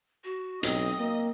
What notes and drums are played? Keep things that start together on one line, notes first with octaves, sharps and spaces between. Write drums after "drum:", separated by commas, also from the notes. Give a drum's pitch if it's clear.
F#4
B1 C4 D#5, drum: hi-hat
A#3